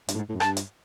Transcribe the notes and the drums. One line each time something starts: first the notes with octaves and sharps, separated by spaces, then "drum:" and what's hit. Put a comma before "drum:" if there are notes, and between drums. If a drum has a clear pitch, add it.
G2, drum: hi-hat
A2
G#2
A2
F#2
G2 A5, drum: rim click
drum: hi-hat